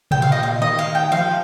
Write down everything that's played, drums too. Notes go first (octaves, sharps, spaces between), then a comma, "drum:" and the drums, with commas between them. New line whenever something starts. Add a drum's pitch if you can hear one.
A#2 G5, drum: tom C3
F5
D#5
F5
D#3 D#5
F5
G5
F3 F5